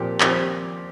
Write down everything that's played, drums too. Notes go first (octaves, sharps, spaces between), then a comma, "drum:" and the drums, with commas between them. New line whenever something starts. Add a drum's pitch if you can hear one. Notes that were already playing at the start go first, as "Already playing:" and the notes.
Already playing: A#2 F3 C4 G4
A#2 F3 C4 G4, drum: clap